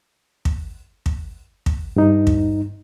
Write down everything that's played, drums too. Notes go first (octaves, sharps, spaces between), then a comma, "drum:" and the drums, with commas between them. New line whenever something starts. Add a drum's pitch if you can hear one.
drum: kick
drum: kick
drum: kick
G2 D#4
drum: kick